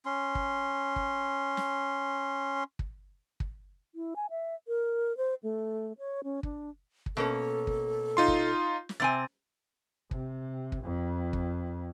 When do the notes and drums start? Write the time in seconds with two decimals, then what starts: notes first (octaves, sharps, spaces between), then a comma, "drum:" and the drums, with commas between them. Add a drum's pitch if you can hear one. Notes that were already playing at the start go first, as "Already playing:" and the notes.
0.05 C#4 C6
0.35 drum: kick
0.96 drum: kick
1.57 drum: snare
2.79 drum: kick
3.40 drum: kick
3.95 E4
4.16 G#5
4.30 E5
4.68 A#4
5.17 C5
5.43 A3
5.99 C#5
6.24 C#4
6.43 D4, drum: kick
7.06 drum: kick
7.17 B2 A#3 C#4 A4
7.67 drum: kick
8.17 D#4 F4 C6
8.28 drum: kick
8.89 drum: snare
9.00 C3 C4 G#5 A6
10.11 C3, drum: kick
10.72 drum: kick
10.83 F2
11.33 drum: kick